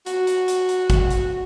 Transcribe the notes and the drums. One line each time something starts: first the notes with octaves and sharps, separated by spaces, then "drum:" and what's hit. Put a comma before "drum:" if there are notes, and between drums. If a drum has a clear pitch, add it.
F#4, drum: hi-hat
drum: hi-hat
drum: hi-hat
drum: hi-hat
drum: kick, hi-hat
drum: hi-hat